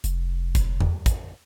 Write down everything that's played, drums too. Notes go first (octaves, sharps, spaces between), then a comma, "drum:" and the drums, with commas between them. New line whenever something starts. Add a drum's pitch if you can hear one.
F1, drum: hi-hat
drum: kick, hi-hat
drum: tom E2
drum: kick, hi-hat